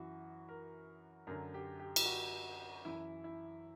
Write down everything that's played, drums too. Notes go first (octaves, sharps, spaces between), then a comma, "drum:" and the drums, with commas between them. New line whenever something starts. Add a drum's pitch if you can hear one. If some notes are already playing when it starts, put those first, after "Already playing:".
Already playing: F#2 E3 F#4
A#4
F#2 D3 A#4
G4
G4
G4, drum: cymbal
F#4
F#2 E3 E4
E4